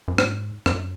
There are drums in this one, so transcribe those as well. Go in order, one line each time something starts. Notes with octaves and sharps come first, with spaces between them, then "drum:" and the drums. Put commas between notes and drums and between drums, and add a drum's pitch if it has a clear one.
F#2
G#2, drum: rim click
F#2, drum: rim click